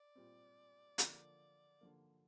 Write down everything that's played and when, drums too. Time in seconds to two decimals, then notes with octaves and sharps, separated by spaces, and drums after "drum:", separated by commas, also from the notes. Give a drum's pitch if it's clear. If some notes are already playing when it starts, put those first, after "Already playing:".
Already playing: D5
0.15 A#2 G3 C4
0.98 D3 F3 A#3, drum: hi-hat
1.81 D3 F3 A#3